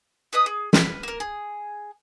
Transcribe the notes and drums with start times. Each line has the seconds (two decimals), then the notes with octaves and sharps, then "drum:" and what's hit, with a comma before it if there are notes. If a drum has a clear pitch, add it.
0.33 G#4 B4 D#5 D#6
0.46 G#4
0.73 B4 F6, drum: snare
1.03 A#3 A#4
1.20 G#4